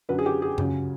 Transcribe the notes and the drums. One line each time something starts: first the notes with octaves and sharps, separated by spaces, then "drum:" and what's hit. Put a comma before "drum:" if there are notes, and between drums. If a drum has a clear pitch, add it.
F#2 D3 F#3 B4
G#4
G4
G#4
C#2 C#3 F#3, drum: tom F#2